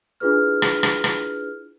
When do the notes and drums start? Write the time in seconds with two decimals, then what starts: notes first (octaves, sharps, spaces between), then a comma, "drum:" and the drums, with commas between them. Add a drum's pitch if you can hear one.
0.20 D4 E4 F4 G#4 B4 F6
0.62 drum: rim click
0.83 drum: rim click
1.04 drum: rim click